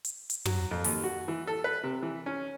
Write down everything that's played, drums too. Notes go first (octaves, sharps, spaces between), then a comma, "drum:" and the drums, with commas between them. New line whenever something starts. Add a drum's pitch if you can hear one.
drum: hi-hat
drum: hi-hat
F#3, drum: tom
F2
D#2, drum: open hi-hat
F#4
E3
A4
B4
C3
E3
C#4